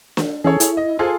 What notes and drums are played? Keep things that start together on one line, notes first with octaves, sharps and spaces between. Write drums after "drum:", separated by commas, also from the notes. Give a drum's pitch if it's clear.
drum: snare
E3 C#4 G#4 A4 C#5
E4, drum: hi-hat
D#5
F4 G#4 A4 C5 G#5